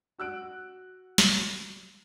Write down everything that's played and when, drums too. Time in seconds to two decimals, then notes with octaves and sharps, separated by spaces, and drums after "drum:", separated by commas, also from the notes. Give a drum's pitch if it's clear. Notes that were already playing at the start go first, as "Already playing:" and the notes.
0.19 F#4 E6 F#6 D7
1.18 drum: snare